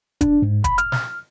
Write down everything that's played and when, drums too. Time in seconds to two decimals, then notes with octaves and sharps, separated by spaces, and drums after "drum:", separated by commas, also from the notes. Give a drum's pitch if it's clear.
0.21 D4, drum: kick F1, hi-hat
0.42 G#2
0.64 B5, drum: kick F1, hi-hat
0.78 F6, drum: hi-hat
0.92 drum: snare